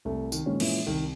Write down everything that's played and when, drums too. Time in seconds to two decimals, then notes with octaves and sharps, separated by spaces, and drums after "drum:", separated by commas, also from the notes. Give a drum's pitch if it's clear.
0.05 C2 A3
0.32 D#3, drum: tambourine
0.46 A#2 F3 G#3 C#4
0.60 E3, drum: cymbal
0.87 C2 D#3